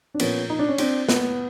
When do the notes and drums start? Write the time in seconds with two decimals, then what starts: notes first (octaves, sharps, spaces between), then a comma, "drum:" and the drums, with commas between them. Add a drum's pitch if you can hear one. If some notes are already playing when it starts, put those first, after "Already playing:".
0.14 D4
0.20 A#2 F3 A#3 B3 C#4, drum: cymbal
0.50 D#4
0.59 D4
0.68 C#4
0.78 C4 D4, drum: cymbal
1.09 B3, drum: snare